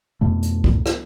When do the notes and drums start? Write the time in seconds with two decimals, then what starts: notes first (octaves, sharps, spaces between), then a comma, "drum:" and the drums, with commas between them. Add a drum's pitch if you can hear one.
0.21 F2 B2 A3
0.43 drum: hi-hat
0.64 drum: kick C#2
0.86 drum: rim click